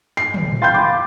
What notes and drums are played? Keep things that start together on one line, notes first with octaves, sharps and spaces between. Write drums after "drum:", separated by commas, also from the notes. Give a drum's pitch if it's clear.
C7
drum: tom
F5 G5 B5 C6 G6 A6
D6